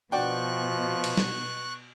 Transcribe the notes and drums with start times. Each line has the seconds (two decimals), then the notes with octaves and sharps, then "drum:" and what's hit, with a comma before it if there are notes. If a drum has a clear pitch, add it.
0.12 B2 F3 F#4 D5 G5 C#6 F#6
1.04 drum: cymbal
1.17 drum: snare